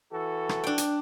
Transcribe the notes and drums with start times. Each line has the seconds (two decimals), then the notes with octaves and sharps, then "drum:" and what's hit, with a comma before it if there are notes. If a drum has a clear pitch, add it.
0.12 E3 F#4 A4
0.49 drum: rim click
0.64 D4 G5
0.78 drum: hi-hat